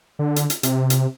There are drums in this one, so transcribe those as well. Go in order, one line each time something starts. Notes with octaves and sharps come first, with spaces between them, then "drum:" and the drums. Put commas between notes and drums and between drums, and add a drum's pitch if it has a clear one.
D3
drum: hi-hat
drum: hi-hat
C3, drum: hi-hat
drum: hi-hat